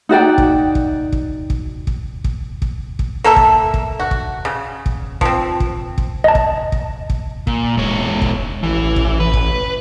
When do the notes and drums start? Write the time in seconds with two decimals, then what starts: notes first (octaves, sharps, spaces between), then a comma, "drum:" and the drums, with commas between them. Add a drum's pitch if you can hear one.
0.09 D#4 F#4 D5 G5
0.38 drum: kick
0.75 drum: kick
1.12 drum: kick
1.50 drum: kick
1.87 drum: kick
2.24 drum: kick
2.62 drum: kick
2.99 drum: kick
3.24 A#3 A4 A#4 E5
3.36 drum: kick
3.74 drum: kick
4.00 F#4
4.11 drum: kick
4.45 C#3
4.86 drum: kick
5.21 F3 C4, drum: kick
5.60 drum: kick
5.98 drum: kick
6.24 D#5 A5
6.35 drum: kick
6.72 drum: kick
7.10 drum: kick
7.47 A#2, drum: kick
7.77 E1 G#2 C#5
8.22 drum: kick
8.63 A1 E3
8.96 drum: kick
9.20 B4
9.33 drum: kick